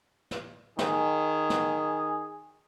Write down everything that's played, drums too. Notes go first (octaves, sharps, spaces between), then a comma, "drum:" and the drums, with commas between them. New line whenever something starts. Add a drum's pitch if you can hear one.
drum: snare
D#3 G#4, drum: snare
drum: snare